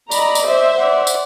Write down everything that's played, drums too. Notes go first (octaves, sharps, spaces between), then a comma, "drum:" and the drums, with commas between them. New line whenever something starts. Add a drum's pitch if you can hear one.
D5 D#5 A#5 B5, drum: tambourine
drum: tambourine
C5 E5
D5 F#5
drum: tambourine